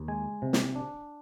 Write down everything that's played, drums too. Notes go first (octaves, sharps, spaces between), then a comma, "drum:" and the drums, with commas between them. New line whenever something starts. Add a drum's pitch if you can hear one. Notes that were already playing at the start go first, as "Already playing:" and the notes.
Already playing: D#2
G#3 G#5
C3
drum: snare
D4